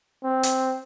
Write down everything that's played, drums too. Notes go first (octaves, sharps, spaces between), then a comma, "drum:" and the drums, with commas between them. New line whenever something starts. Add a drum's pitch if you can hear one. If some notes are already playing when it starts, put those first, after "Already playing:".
C4
drum: hi-hat